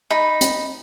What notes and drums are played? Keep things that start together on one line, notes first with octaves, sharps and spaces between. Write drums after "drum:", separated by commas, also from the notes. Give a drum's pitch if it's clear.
D#4 B5
drum: hi-hat